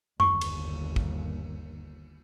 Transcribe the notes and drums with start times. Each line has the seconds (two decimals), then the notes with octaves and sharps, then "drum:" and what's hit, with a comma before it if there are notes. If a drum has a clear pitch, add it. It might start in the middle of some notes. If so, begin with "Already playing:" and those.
0.20 G1 D#2 C#6, drum: tom F#2
0.41 drum: cymbal
0.96 drum: kick